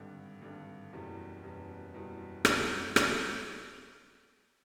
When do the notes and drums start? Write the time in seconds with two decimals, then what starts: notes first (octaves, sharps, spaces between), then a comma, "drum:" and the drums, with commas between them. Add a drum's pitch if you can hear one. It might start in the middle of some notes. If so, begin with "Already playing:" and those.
Already playing: G#1 G2 D3
0.42 G#1 G2 D3
0.92 F#1 E2 B2 G3
1.43 F#1 E2 B2 G3
1.94 F#1 E2 B2 G3
2.45 F#1 E2 B2 G3, drum: rim click
2.96 drum: rim click